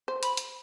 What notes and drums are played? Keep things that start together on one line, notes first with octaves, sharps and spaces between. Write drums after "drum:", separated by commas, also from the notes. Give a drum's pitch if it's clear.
C5
B5, drum: hi-hat
drum: hi-hat